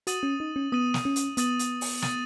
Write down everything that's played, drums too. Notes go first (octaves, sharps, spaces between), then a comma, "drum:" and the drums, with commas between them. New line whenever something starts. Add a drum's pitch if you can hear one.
F#4 D#6 A6 D#7 F#7, drum: hi-hat
C#4
D#4
C#4
B3 D#6 A6 D#7 F#7
drum: snare
C#4
drum: hi-hat
B3 D#6 A6 D#7 F#7, drum: hi-hat
drum: hi-hat
drum: open hi-hat
D#6 A6 D#7 F#7, drum: snare